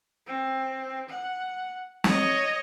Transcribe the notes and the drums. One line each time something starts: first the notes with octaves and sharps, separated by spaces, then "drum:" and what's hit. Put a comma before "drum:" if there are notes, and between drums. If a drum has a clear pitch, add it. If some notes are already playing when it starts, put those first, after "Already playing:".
C4
F#5
C#5 D#5, drum: snare